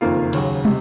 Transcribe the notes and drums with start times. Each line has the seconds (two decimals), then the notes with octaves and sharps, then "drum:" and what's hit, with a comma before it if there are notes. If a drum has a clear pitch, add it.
0.01 F#1 F2 D#3 A#3 F4
0.33 D#2 C#3 F#3, drum: cymbal
0.65 C3, drum: tom